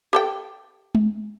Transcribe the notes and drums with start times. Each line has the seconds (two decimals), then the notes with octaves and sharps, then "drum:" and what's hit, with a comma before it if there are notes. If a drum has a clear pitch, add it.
0.13 G4 A4 G5
0.95 drum: tom G#3